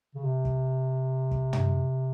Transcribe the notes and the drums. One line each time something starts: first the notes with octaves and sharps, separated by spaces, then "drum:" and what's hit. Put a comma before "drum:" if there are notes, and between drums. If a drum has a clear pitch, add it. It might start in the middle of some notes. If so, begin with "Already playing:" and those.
C#3
C3
drum: kick
drum: kick
drum: tom